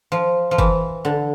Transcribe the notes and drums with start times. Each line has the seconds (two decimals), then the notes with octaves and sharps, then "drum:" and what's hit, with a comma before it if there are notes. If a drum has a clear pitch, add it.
0.12 F3
0.51 F3
0.58 E3, drum: kick G1
1.05 D3